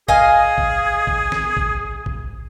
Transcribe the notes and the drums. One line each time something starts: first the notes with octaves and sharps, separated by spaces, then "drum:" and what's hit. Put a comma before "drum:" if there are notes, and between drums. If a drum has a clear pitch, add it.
G#4 D#5 F5 G#5, drum: kick A1
drum: kick A1
drum: kick A1
drum: snare
drum: kick A1
drum: kick A1